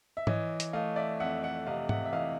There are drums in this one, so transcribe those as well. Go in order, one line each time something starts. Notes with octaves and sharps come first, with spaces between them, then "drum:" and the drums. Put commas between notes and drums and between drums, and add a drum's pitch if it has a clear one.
E5
E3 C#5 D#5, drum: tom G#2
drum: hi-hat
A3 D#5 F5
D5 E5
F2 E5 F#5
E5 F#5
C3 D#5 F5
E5 F#5, drum: tom G#2
E5
E3 D#5 F5